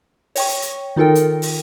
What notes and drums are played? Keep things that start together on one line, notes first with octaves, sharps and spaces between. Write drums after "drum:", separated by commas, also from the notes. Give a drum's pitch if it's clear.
C#5 G5 C#6, drum: open hi-hat
drum: hi-hat
drum: hi-hat
D#3 D#4 F4 A4 A#4 G5
drum: hi-hat
drum: open hi-hat